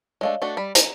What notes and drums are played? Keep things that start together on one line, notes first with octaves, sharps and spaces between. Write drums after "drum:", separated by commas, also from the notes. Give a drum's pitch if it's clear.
G#3 A3 D4 C#5 D#5 F5
A3 D4 F#4
G3 B5
A#5, drum: hi-hat